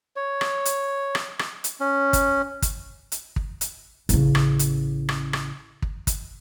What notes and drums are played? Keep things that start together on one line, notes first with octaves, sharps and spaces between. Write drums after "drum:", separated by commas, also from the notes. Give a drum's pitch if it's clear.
C#5
drum: rim click
drum: hi-hat
drum: rim click
drum: rim click
drum: hi-hat
C#4
drum: kick, hi-hat
drum: kick, hi-hat
drum: hi-hat
drum: kick
drum: hi-hat
A1 C#3, drum: hi-hat
drum: rim click
drum: hi-hat
drum: rim click
drum: rim click
drum: kick
drum: kick, hi-hat